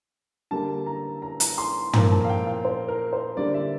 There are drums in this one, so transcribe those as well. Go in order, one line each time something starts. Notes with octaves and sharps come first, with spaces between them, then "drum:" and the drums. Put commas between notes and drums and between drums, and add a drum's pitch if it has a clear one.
D3 G3 A#3 A5
A#5
A#5
A#5, drum: hi-hat
C6
A#2 F3 A#3 A#5, drum: tom
A5
F5
G5
F5
C5
A#4
C5
D3 G3 A#3 D5
E5